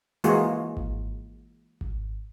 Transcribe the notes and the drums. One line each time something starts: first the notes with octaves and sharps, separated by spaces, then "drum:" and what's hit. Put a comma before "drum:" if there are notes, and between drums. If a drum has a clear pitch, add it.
E3 G#3 A#3 F4 F#4 G#4, drum: hi-hat
drum: kick G#1
drum: kick G#1